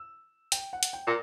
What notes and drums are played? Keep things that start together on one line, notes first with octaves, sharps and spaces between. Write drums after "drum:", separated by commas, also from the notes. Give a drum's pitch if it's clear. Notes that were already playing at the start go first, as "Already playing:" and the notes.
Already playing: E6
G5, drum: hi-hat
F#5
drum: hi-hat
G5
A#2